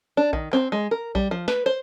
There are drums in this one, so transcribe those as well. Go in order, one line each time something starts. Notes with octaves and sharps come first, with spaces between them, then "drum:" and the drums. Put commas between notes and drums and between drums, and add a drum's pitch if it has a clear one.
D4
D#3, drum: kick A#1
C4, drum: clap
G#3
A#4
G3, drum: kick A#1
F3
B4, drum: snare
C5